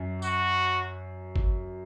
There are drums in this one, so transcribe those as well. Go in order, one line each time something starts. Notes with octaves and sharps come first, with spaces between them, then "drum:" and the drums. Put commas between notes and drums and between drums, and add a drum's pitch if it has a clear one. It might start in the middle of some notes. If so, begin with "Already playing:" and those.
Already playing: F#2
F#4, drum: tambourine
drum: kick